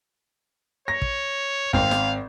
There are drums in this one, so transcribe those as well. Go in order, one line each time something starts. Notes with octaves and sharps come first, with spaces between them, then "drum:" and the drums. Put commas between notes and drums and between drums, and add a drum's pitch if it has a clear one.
C#5 A#6
drum: kick
G#1 C4 F5, drum: kick
drum: snare